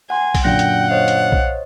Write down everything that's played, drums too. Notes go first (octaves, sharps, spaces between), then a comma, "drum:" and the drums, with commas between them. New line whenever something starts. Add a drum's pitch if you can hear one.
F#5 G#5 C6
drum: kick B1, open hi-hat
F#2 A#2 D3 F#5 G5 A#6
drum: hi-hat
C5 C#5 D#5 F5
drum: hi-hat
drum: kick B1